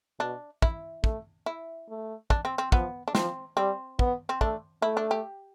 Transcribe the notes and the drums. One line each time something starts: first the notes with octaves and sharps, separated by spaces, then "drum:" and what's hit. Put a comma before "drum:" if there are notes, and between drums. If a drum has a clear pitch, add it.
B2 D4
E4, drum: kick
A3, drum: kick
E4
A3
D4, drum: kick
C4
C4
F3 B3, drum: kick
D4
F3 C4, drum: snare
G3 C4
B3, drum: kick
C4
A3 D4, drum: kick
A3 E4
D4
G4